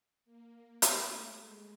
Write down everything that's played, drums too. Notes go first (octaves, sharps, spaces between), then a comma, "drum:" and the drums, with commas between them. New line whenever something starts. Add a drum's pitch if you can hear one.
A#3
A3, drum: hi-hat
G#3